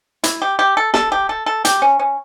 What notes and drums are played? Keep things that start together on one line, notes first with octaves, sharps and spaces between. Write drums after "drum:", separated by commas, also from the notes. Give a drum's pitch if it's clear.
E4, drum: hi-hat
G4
G4
A4
A4, drum: snare
G4
A4
A4
G4, drum: hi-hat
C#4
C#4